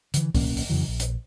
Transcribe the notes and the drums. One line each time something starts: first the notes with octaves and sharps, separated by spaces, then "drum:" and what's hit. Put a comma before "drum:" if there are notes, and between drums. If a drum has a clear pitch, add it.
D3 E3, drum: hi-hat
D1 B1 A#3 C#4, drum: kick C2, open hi-hat
drum: open hi-hat
F2 C#3 E3 F#3
A#1
drum: hi-hat